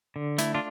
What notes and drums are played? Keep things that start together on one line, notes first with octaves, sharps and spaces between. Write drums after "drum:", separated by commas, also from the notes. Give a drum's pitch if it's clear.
D3
A3 E4, drum: hi-hat
D4 F4